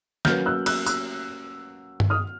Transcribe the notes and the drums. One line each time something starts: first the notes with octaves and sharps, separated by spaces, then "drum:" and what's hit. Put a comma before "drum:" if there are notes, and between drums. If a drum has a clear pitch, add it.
F#3 A#3 C#4 F#4 B4 F6 G6, drum: snare
E6 F#6
E6 F#6, drum: cymbal
E6 F#6, drum: tambourine
drum: tom G2
D#6 F6